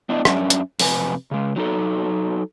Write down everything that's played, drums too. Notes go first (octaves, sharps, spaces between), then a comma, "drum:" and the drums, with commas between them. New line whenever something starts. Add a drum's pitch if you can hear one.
B3 D4 E4 D5 D#5
F#2 A3 C#4 D4 E5, drum: rim click
drum: hi-hat
F2 C3 B4 G#5, drum: open hi-hat
C#3 G#3
F#3 D#4 A4